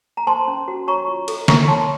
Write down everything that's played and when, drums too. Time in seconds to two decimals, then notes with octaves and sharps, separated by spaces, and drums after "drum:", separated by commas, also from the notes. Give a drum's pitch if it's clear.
0.17 A#5
0.27 C5 A5 C6
0.48 C#4
0.68 F#4
0.87 C#5 A#5 C#6
1.08 F4
1.28 A4, drum: cymbal
1.48 A#4 A#5 C#6, drum: snare A#3
1.68 C#5 A5 C6